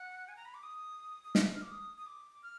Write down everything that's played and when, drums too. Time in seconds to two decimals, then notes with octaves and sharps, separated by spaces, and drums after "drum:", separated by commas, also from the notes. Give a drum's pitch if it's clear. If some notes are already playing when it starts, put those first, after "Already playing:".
Already playing: F#5
0.28 G#5
0.37 A#5
0.45 B5
0.54 D6
0.63 D#6
1.24 D#6
1.35 F6, drum: snare
1.62 D6
1.71 D#6
1.98 D#6
2.06 D6
2.43 F6